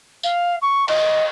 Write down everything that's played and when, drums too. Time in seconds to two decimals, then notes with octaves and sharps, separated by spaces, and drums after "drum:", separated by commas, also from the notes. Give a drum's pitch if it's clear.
0.23 F5, drum: tambourine
0.61 C#6
0.88 D#5, drum: cymbal